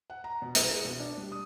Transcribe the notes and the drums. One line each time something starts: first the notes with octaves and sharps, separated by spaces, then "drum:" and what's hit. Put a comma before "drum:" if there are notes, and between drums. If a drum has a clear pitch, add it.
F#5
A#5
B2
C2, drum: hi-hat
G#4
B2
D4
G3
D#6